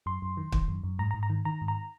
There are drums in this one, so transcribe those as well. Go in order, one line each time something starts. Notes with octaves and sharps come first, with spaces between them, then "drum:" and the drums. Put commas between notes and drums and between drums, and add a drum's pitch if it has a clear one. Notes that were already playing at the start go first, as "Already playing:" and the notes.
F#2 C6
F#2
D#3
D#3, drum: kick
F#2
F#2
G#2 A#5
A#5
G#2
A#5
D#3
D#3 A#5
G#2
A#5